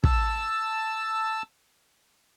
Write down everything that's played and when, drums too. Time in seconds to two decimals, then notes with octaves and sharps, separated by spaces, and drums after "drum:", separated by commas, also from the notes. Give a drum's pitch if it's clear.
0.04 A5 E6, drum: kick